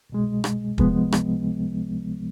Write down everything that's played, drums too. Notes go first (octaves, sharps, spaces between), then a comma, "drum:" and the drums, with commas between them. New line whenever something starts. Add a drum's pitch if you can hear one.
C2 B2 G#3
drum: rim click
C#2 C3 F3 G#3 B3, drum: kick
drum: rim click